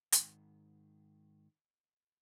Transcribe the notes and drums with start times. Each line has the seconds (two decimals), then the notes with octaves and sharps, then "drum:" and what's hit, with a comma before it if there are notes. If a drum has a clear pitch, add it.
0.12 G#2 D#3, drum: hi-hat